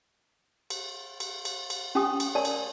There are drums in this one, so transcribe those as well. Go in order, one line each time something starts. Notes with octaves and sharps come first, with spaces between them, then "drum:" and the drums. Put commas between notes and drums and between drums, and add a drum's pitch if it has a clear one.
drum: cymbal
drum: cymbal
drum: cymbal
drum: cymbal
C#4 G4 G5 G#5 D#6
drum: cymbal
A#4 C#5 D5 G#5 A5
drum: cymbal